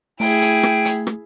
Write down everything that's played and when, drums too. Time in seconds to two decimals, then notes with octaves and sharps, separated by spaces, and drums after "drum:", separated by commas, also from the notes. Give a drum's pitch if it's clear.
0.20 A3 E4 G#4 G5 D7, drum: open hi-hat
0.42 drum: hi-hat
0.63 drum: rim click
0.85 drum: hi-hat
1.07 drum: rim click